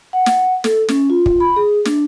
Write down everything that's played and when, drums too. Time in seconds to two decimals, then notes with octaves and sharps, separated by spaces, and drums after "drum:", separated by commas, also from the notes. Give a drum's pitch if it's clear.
0.13 F#5
0.26 drum: snare
0.64 A4, drum: snare
0.89 C#4, drum: snare
1.10 F4
1.26 drum: kick
1.40 B5
1.56 G#4
1.85 D4, drum: snare